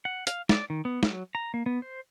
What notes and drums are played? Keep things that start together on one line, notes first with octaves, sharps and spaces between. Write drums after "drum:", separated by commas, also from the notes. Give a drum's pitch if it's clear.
F#5
F5, drum: hi-hat
D5, drum: snare
D#3
B3
F#3, drum: snare
A#5
A#3
B3
C5